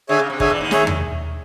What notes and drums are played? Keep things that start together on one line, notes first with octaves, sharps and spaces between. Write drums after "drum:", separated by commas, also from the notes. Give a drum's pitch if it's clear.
D3 G#4 C#5 E5 G#5
C#3
C3
D3 G#4 C#5 E5 G#5, drum: kick
E2 E3
D#2 D#3
G#4 C#5 E5, drum: snare
drum: tom E2